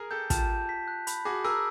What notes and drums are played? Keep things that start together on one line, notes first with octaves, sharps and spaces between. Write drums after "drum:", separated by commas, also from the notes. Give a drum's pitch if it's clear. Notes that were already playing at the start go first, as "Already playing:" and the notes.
Already playing: G#4 A#4
G4 A4 G6
F4 G4 A5, drum: kick, hi-hat
G6
B6
F#6
B5, drum: hi-hat
F#4 G#4 D6
G#4 A#4 E6